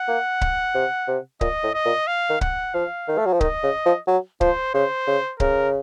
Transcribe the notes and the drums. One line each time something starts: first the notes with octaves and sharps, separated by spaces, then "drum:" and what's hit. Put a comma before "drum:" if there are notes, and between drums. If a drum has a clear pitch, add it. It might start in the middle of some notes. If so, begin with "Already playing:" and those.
Already playing: F#5
A#3
drum: kick C#1
C3
C3
A#2 D#5, drum: kick C#1
A2
D#5
A#2
F5
D#3
F#5, drum: kick C#1
F3 F5
D#3
A3
F#3
F3
D#3 D#5, drum: kick C#1
C#3
F3
F#3
F3 C5, drum: kick C#1
C#3 C5
C#3
C#3 A#4, drum: kick C#1